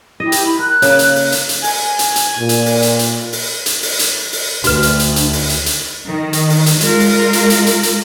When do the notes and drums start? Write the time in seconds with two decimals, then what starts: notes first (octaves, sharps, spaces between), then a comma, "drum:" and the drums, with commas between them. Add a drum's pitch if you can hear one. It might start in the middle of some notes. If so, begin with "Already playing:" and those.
0.20 E4 G4 D#5
0.32 drum: hi-hat
0.45 B5
0.59 A#4 F#6
0.82 C#3 A#3, drum: hi-hat
0.99 drum: hi-hat
1.15 drum: open hi-hat
1.32 drum: hi-hat
1.49 drum: hi-hat
1.64 G#5, drum: open hi-hat
1.99 drum: hi-hat
2.16 drum: hi-hat
2.38 A#2
2.49 drum: hi-hat
2.66 drum: open hi-hat
2.82 drum: hi-hat
2.99 drum: hi-hat
3.32 drum: open hi-hat
3.66 drum: hi-hat
3.83 drum: open hi-hat
3.99 drum: hi-hat
4.33 drum: open hi-hat
4.64 D2 A3 D4 F#4 B4, drum: hi-hat
4.83 drum: hi-hat
4.99 drum: hi-hat
5.16 drum: hi-hat
5.33 drum: open hi-hat
5.49 drum: hi-hat
5.66 drum: hi-hat
6.07 D#3
6.33 drum: hi-hat
6.50 drum: open hi-hat
6.66 drum: hi-hat
6.81 G#3 F4 A#4, drum: hi-hat
7.00 drum: open hi-hat
7.33 drum: hi-hat
7.50 drum: hi-hat
7.66 drum: hi-hat
7.83 drum: hi-hat